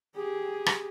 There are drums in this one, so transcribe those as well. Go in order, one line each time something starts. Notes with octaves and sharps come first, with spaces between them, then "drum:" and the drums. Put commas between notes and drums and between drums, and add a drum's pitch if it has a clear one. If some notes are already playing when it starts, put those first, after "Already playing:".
G4 G#4
drum: rim click